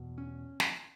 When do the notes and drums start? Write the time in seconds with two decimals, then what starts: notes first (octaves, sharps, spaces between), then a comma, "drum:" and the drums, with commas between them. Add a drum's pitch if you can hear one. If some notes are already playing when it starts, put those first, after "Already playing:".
Already playing: E2 B2
0.18 C#4
0.60 drum: snare